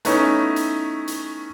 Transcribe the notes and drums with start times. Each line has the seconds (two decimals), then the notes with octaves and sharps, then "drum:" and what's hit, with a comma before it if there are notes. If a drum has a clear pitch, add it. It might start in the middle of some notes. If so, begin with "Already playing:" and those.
0.05 A3 B3 C#4 D#4 E4, drum: hi-hat
0.56 drum: hi-hat
1.08 drum: hi-hat